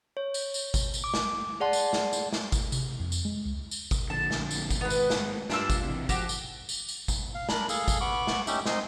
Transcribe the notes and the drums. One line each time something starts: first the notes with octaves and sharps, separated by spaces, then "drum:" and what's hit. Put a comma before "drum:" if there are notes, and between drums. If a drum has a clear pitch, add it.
C#5
drum: tambourine
drum: tambourine
drum: kick G#1, tambourine
drum: tambourine
D6
drum: snare
G#4 D5 F#5 A5 C6
drum: tambourine
drum: snare
drum: tambourine
drum: snare
drum: kick G#1, tambourine
C3, drum: tambourine
F2
drum: tambourine
G#3
C#2
drum: tambourine
drum: kick G#1, tambourine
A#1 D3 A5
drum: snare
drum: tambourine
drum: kick G#1, tambourine
G#2 D#3 B3 B4
drum: tambourine
drum: snare
G2 D4 F4 E6, drum: snare
drum: kick G#1, tambourine
C3 E3
F3 F#4 G4, drum: kick G#1, tambourine
drum: tambourine
drum: tambourine
drum: tambourine
drum: kick G#1, tambourine
F5
D4 A#4 B5, drum: snare
G#4 A4 F5, drum: tambourine
drum: kick G#1, tambourine
B3 B5 C#6 D6
drum: snare
C#4 D#4 G4 E5, drum: tambourine
C4 D#4 D#5 C6, drum: snare